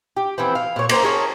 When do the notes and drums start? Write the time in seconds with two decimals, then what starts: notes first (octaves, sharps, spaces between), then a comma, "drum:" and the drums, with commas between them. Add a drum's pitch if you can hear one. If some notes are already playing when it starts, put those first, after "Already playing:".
0.17 G4
0.38 E3 F3 B3 C4
0.55 F5
0.76 A#2 C#5
0.89 A#3 C5 A#5, drum: cymbal
1.03 G#4 A#4 C#5 A5